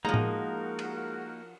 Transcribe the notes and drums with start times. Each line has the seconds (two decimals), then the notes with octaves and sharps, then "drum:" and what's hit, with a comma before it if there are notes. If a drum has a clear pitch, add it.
0.05 F3 G#3 A#3 D#4 F#4 A#4 F#5 A#5
0.14 drum: tom A2
0.79 drum: cymbal